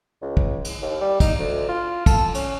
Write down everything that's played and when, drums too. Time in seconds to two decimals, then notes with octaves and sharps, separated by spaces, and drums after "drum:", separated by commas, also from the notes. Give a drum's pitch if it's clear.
0.22 C#2
0.37 drum: kick
0.65 drum: cymbal
0.82 D#2
1.01 G3
1.20 D#4, drum: kick, cymbal
1.39 D2
1.68 F4
2.06 A4, drum: kick, cymbal
2.34 C#4, drum: cymbal